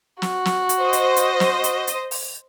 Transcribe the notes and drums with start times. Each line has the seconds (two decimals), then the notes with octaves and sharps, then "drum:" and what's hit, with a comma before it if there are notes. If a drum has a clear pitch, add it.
0.22 F#4, drum: snare
0.45 drum: snare
0.69 drum: hi-hat
0.80 C5 D#5
0.93 drum: hi-hat
1.16 drum: hi-hat
1.40 drum: snare
1.64 drum: hi-hat
1.87 drum: hi-hat
2.11 drum: open hi-hat